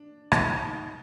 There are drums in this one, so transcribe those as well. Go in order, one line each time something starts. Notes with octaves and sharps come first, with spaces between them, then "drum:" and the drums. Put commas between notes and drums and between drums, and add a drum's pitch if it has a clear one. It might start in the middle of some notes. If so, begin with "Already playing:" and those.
Already playing: D4
D#4, drum: rim click
D#4